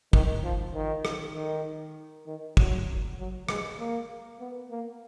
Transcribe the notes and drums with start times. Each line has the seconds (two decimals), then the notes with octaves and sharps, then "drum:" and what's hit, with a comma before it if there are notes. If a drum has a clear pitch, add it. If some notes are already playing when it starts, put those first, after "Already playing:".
0.13 D#3, drum: kick
0.43 F3
0.74 D#3
1.05 drum: rim click
1.35 D#3
2.27 D#3
2.57 F#3, drum: kick
3.19 F#3
3.49 G#3, drum: rim click
3.79 A#3
4.40 B3
4.71 A#3